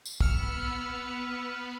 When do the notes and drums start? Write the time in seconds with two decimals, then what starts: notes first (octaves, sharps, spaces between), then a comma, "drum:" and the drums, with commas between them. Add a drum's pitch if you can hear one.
0.06 drum: tambourine
0.20 B3 B4 E6 F6 C#7, drum: kick